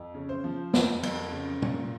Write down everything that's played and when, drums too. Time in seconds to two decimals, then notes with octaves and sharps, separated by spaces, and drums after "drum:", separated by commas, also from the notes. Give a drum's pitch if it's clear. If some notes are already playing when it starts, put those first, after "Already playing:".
Already playing: F2
0.14 C#3
0.29 C5
0.44 F3
0.74 F2, drum: snare
1.03 F2, drum: cymbal
1.32 C#3
1.62 A#2, drum: tom